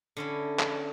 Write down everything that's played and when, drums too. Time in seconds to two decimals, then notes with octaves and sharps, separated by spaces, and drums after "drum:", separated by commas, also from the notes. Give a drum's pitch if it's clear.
0.17 D3 C#4 E4
0.59 drum: clap